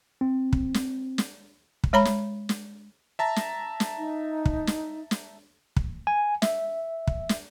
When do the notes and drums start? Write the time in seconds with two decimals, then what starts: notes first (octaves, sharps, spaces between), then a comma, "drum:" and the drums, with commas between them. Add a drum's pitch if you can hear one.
0.21 C4
0.53 drum: kick
0.74 drum: snare
1.18 drum: snare
1.84 drum: kick
1.93 G#3 C#5 A#5 B5
2.05 drum: snare
2.49 drum: snare
3.19 E5 A5 A#5
3.36 drum: snare
3.80 drum: snare
3.98 D#4
4.46 drum: kick
4.67 drum: snare
5.11 drum: snare
5.76 drum: kick
6.07 G#5
6.42 E5, drum: snare
7.07 drum: kick
7.29 drum: snare